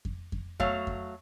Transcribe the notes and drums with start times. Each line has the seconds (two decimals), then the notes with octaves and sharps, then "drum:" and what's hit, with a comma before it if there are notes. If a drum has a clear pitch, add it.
0.05 drum: kick F2
0.32 drum: kick F2
0.60 F#3 A3 F5, drum: kick F2
0.87 drum: kick F2